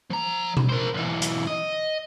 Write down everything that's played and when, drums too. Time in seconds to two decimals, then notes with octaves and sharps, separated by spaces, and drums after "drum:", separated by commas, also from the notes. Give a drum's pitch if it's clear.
0.10 F3 A#5
0.57 drum: tom B2
0.69 A#4 C5
0.94 B1 E3
1.22 drum: hi-hat
1.47 D#5